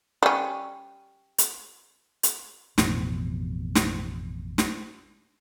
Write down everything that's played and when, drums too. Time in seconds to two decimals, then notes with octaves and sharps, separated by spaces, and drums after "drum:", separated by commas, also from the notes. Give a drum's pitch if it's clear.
0.23 G3 C#4
1.38 drum: hi-hat
2.23 drum: hi-hat
2.78 A1 F2 B2, drum: snare
3.75 drum: snare
4.58 drum: snare